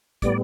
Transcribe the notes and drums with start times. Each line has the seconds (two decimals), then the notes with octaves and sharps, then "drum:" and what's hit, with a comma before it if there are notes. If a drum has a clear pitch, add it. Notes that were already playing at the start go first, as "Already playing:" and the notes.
0.22 A2 G3 B3 D5, drum: kick, hi-hat